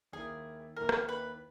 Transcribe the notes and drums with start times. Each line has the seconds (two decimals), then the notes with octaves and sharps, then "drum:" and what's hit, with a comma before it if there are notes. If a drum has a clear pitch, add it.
0.13 D#2 D#3 A#3 E4 G#4
0.76 D#2 D#3 A#3 E4 A#4
0.89 drum: rim click
1.09 B4